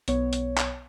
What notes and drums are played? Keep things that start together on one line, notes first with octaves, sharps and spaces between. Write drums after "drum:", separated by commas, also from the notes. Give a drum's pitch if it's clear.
B1 B3 C#5, drum: hi-hat
drum: hi-hat
drum: clap